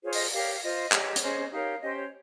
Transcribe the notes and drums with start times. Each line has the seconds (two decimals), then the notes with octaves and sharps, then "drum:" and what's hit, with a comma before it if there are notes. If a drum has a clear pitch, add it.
0.03 F4 G#4 C5 C#5
0.13 D#5, drum: open hi-hat
0.33 G4 A#4 C#5 F5
0.53 F5
0.62 F4 C5 D#5
0.92 G4 C#5, drum: clap
1.16 C#5, drum: hi-hat
1.21 C#4 G#4 C5 D#5
1.52 D#4 G4 A#4 C#5 F5
1.81 C#4 G4 C5 D#5
1.96 C#5